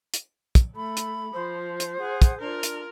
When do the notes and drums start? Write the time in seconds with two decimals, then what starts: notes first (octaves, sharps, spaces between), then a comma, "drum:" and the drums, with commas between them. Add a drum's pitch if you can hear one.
0.14 drum: hi-hat
0.55 drum: kick, hi-hat
0.76 A3 B5
0.97 drum: hi-hat
1.34 F3 C5
1.80 drum: hi-hat
2.00 G#4 F#5
2.22 drum: kick, hi-hat
2.40 D4 F4 A#4
2.63 drum: hi-hat